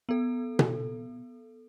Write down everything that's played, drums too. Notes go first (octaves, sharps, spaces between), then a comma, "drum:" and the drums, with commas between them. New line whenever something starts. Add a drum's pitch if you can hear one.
B3 A4
drum: tom B2